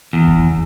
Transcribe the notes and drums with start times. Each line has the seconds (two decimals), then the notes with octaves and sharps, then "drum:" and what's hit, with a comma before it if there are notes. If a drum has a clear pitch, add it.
0.13 E2
0.28 drum: kick F2